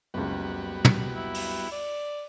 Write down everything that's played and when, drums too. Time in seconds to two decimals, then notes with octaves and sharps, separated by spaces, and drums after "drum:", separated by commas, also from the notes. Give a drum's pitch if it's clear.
0.14 F#1 C#2 G3 B3 F#4
0.85 drum: tom
1.15 E4
1.35 drum: open hi-hat
1.72 D5